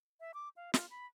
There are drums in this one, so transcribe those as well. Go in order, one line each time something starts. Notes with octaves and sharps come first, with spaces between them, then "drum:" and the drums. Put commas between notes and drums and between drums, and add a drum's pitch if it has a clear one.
E5
D6
F5
F4, drum: snare
B5